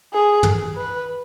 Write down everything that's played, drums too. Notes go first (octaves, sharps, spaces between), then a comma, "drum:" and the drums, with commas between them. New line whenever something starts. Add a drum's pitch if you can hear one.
G#4
drum: tom
B4